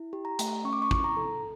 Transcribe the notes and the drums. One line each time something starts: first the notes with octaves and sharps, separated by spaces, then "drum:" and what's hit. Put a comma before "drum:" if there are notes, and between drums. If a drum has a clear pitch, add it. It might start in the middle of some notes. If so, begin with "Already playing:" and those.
Already playing: E4
G4
A#5
A3, drum: hi-hat
C#4 C#6
D6
C#6
E4, drum: kick
A#5
A4